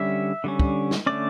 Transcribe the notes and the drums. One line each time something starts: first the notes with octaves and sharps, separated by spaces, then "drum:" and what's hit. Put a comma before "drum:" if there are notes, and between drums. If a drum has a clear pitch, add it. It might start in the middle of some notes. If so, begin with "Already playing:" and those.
Already playing: D3 G3 C#4 E5
D3 G3 C#4
drum: kick
drum: snare
D3 A3 C#4 D5